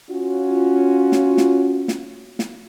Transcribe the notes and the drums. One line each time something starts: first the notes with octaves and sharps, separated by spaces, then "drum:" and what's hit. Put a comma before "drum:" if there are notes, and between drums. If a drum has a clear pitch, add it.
C#4 F4 F#4
drum: snare
drum: snare
drum: snare
drum: snare